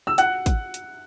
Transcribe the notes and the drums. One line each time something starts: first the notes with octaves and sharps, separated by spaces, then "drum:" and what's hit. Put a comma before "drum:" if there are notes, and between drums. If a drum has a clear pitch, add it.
E6
F#5 F#6, drum: hi-hat
drum: kick, hi-hat
drum: hi-hat